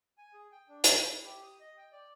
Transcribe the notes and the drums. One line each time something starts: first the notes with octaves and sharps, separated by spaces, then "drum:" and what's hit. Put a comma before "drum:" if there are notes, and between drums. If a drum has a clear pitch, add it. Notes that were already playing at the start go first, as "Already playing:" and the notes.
G#5
G#4
G5
D4
E5, drum: hi-hat
E4
G4
D#6
D#5
G5
D5